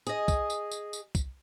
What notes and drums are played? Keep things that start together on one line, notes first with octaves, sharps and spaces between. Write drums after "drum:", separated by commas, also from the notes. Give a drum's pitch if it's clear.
G#4 D#5, drum: tambourine
drum: kick, tambourine
drum: tambourine
drum: tambourine
drum: tambourine
drum: kick, tambourine